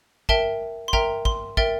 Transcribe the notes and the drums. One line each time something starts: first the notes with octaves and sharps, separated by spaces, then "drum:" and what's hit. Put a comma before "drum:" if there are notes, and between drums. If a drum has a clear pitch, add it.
A#4 E5 G5 A5, drum: kick
C6
A#4 E5 G5 A#5, drum: kick
C6, drum: kick
A#4 E5 G5 A6, drum: kick